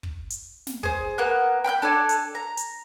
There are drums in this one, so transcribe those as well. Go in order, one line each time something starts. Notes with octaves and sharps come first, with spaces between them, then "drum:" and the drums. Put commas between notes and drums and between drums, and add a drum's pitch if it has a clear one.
drum: kick
drum: hi-hat
drum: snare
G#4 C5, drum: kick
A#3 B3 F#6
G5 B5 F6 G6
D4 A4 D5 G#5
drum: hi-hat
A#5
drum: hi-hat